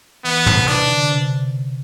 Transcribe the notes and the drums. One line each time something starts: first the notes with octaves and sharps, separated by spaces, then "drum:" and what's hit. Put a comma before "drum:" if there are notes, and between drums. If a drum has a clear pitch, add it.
E3 B3
C3, drum: tom
B2 D4, drum: hi-hat
D3
C3